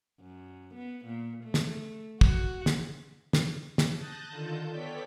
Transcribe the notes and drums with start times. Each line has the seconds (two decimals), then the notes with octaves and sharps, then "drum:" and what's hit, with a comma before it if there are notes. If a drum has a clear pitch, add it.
0.20 F#2
0.75 B3
1.05 A#2
1.44 A3
1.54 drum: snare
2.21 F#4, drum: kick
2.66 drum: snare
3.33 drum: snare
3.78 drum: snare
3.96 A5 D#6 F#6 G6 A6 A#6
4.30 D3 D#3 F4 A4 A5 G6
4.70 B3 A4 C#5 D5 G5 B6